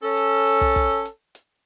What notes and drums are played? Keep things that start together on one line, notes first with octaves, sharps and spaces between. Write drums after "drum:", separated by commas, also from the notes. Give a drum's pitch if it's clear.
C#4 A4
drum: hi-hat
drum: hi-hat
drum: kick, hi-hat
drum: kick, hi-hat
drum: hi-hat
drum: hi-hat
drum: hi-hat